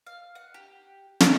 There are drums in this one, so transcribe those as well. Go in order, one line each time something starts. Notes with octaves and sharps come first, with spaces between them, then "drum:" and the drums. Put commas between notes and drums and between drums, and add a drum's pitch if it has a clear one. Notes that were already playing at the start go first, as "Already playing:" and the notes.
F5
F#5
G4
drum: snare